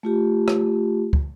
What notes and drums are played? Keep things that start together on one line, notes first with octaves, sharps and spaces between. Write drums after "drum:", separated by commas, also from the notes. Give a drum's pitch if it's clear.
A3 F4 G4
drum: rim click
drum: kick